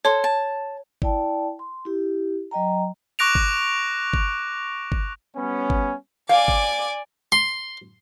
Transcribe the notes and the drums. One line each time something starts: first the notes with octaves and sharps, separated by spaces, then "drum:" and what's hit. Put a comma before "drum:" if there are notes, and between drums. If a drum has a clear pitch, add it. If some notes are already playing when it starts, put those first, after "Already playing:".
A4 C5 C#5
A5
E4 D5 G5 A5, drum: kick G1
C6
E4 G4
F#3 D#5 G5 A#5
C#6 D6 F#6 A#6 D7 F7
drum: kick G1
drum: kick G1
drum: kick G1
G3 B3 C#4
drum: kick G1
D5 F5 G#5 D6
drum: kick G1
C6